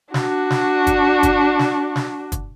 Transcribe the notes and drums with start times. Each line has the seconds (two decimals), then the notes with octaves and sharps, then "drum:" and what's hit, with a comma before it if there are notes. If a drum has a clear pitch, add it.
0.14 D4 F#4, drum: snare
0.50 drum: snare
0.87 drum: kick, hi-hat
1.23 drum: kick, hi-hat
1.59 drum: snare
1.96 drum: snare
2.32 drum: kick, hi-hat